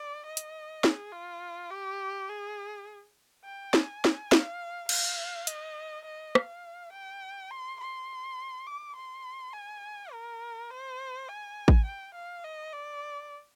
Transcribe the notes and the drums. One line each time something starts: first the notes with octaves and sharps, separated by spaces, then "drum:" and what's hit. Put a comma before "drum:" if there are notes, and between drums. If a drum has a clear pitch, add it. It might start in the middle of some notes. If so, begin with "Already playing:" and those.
Already playing: D5
D#5
drum: hi-hat
G#4, drum: snare
F4
G4
G#4
G5
G#5, drum: snare
drum: snare
F5, drum: snare
F5, drum: cymbal
D#5, drum: hi-hat
D#5
F5, drum: rim click
G5
C6
C6
D6
C6
G#5
A#4
C5
G#5
drum: kick A1
G5
F5
D#5
D5